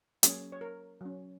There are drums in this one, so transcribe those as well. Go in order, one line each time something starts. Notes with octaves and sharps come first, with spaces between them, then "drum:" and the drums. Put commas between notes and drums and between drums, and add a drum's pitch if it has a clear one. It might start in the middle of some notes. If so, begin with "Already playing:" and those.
F#3 A#3 C#4 G#4, drum: hi-hat
C#5
A#4
F#3 C#4